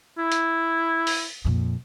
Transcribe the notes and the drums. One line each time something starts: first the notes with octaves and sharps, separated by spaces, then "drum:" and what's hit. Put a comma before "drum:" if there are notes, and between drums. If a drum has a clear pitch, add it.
E4
drum: hi-hat
drum: open hi-hat
F2 A#2